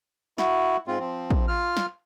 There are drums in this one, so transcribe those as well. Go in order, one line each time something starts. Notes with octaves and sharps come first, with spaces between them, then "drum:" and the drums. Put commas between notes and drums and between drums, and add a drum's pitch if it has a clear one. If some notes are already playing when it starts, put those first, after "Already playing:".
E4 F#4, drum: snare
G#2 C4 F4
F3 C4
drum: kick
F4 F6
drum: snare